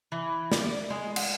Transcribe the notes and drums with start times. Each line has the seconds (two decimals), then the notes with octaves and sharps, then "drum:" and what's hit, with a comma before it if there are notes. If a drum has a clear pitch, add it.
0.12 E3
0.52 D5, drum: snare
0.90 G#3
1.16 F#5, drum: cymbal